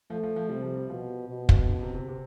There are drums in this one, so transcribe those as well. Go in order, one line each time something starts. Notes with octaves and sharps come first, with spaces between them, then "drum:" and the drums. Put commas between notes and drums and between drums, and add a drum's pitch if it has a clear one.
F3 A3
F3
F3
C3 G3
F3
G3
B2 F3
B2
drum: kick
D3
C3
C3
C3